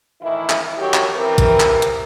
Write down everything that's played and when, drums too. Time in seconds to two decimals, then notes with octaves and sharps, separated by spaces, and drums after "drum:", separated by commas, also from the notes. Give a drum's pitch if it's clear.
0.22 A2 D#3 E3 E4
0.50 drum: clap
0.78 F#2 D#3 F#3 G4 C#5
0.94 drum: clap
1.16 E3 C4 G4 A#4
1.38 drum: kick, hi-hat
1.60 drum: clap
1.82 drum: hi-hat